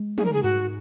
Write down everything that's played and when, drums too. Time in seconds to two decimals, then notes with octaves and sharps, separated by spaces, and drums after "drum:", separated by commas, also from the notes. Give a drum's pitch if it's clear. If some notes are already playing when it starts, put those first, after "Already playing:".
Already playing: G#3
0.18 D#4 G#4, drum: tom
0.25 A#4
0.33 G#4
0.43 G#2 F#4